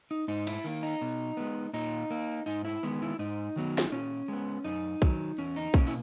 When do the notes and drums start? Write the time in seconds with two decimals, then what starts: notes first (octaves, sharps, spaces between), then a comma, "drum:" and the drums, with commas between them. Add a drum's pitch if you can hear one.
0.11 D#4
0.28 G#2 D#4
0.47 E4, drum: cymbal
0.64 D#3 A#3
0.83 D#4
1.01 B2
1.37 G#3 B3
1.74 A#2 D#4
2.10 A#3
2.46 G#2 D#4
2.65 E4
2.83 D#3 G#3 B3
3.02 E4
3.19 G#2 D#4
3.56 D#3 F#3 B3
3.78 drum: snare
3.92 A#2 C#4
4.28 G#3 B3
4.65 F#2 D#4
5.02 D#3 F#3, drum: kick B1
5.38 E2 C#4
5.56 D#4
5.74 B2 A#3 C#4, drum: kick B1
5.87 E4, drum: open hi-hat